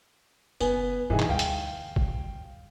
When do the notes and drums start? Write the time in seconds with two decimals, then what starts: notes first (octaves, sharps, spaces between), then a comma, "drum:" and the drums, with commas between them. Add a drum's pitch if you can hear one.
0.60 F#1 G3 B3 G#5, drum: tambourine
1.10 G2 B2 E3 D#4 G#4
1.20 drum: clap
1.29 D2 G3 F5 G5
1.39 drum: hi-hat
1.96 drum: kick